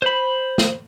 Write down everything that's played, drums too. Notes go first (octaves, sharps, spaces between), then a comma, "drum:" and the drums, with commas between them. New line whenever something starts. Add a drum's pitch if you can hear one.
C5 B5
drum: snare